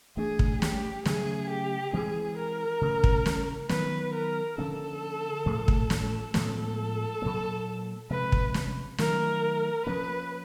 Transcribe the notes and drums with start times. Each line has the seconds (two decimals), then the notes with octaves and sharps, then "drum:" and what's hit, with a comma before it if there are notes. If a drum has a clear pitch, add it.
0.17 E3 A3 D4 G#4
0.39 drum: kick
0.62 G4, drum: snare
1.06 C#3 F#3 A3 G#4, drum: snare
1.50 G4
1.93 E3 G#3 C4 G#4
2.38 A#4
2.81 C#3 E3 A3
3.04 drum: kick
3.26 drum: snare
3.69 D#3 F#3 B3 B4, drum: snare
4.14 A#4
4.58 D3 F3 A#3 C#4 A4
5.46 A2 F3 A3
5.68 drum: kick
5.90 drum: snare
6.34 A2 F3 G#3 B3 A4, drum: snare
7.22 A#2 F#3 A#3
8.10 C3 F3 G#3 B4
8.32 drum: kick
8.54 drum: snare
8.98 D#3 F#3 A3 A#4, drum: snare
9.87 F3 A#3 C#4 B4